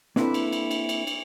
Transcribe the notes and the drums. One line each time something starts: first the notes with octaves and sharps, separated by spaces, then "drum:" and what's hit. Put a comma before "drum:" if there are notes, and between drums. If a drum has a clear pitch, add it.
A#3 C4 D4 E4 A4 B4, drum: snare
drum: cymbal
drum: cymbal
drum: cymbal
drum: cymbal
drum: cymbal